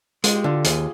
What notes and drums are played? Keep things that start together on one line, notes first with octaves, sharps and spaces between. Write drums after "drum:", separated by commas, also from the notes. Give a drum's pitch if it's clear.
G#3 F4, drum: hi-hat
G4
D3 F4
G4
D#2 G#4, drum: hi-hat